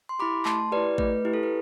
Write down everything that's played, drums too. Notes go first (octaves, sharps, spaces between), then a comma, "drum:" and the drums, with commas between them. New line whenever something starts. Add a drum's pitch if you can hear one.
C6
E4 G4 B5 D6
A3 A5 C6, drum: clap
E4 G4 B4 D5
A3 B4, drum: kick A1
E4 G4
A4
B4